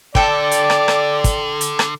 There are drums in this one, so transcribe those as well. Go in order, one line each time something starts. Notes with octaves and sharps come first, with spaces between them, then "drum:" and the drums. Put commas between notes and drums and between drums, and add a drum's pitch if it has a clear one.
D3 A4 D5 G5, drum: kick
drum: hi-hat
drum: rim click
drum: rim click
drum: kick, hi-hat
drum: hi-hat
drum: rim click